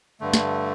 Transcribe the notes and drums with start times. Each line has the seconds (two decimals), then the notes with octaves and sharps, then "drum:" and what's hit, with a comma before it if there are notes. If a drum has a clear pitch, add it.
0.20 G2 D3 A3
0.34 drum: snare